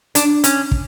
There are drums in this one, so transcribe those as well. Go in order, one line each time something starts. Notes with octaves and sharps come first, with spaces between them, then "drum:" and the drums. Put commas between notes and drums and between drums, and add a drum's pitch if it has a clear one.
D4, drum: hi-hat
C#4, drum: hi-hat
drum: kick